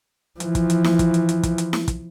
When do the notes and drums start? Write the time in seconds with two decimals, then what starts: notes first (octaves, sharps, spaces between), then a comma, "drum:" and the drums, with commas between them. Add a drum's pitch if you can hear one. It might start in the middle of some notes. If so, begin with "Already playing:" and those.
0.40 E3 F3, drum: hi-hat
0.55 drum: kick, hi-hat
0.70 drum: hi-hat
0.84 drum: snare E4
0.99 drum: kick, hi-hat
1.14 drum: hi-hat
1.29 drum: hi-hat
1.43 drum: kick, hi-hat
1.58 drum: hi-hat
1.73 drum: snare E4
1.88 drum: kick, hi-hat